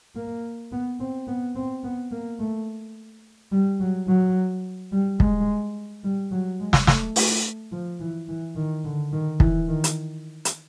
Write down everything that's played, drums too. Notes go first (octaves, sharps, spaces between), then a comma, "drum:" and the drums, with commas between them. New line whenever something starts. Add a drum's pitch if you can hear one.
A#3
B3
C4
B3
C4
B3
A#3
A3
G3
F#3
F#3
G3
G#3, drum: kick
G3
F#3
G#3
drum: snare
A3, drum: snare
A3, drum: open hi-hat
F3
E3
E3
D#3
D3
D#3
E3, drum: kick
D#3
drum: hi-hat
drum: hi-hat